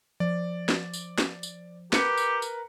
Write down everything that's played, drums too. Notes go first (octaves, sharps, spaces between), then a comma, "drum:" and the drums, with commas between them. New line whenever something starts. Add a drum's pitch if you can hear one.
F3 D5
drum: snare
drum: tambourine
drum: snare
drum: tambourine
G4 A#4 B4 C#7, drum: snare
drum: tambourine
drum: tambourine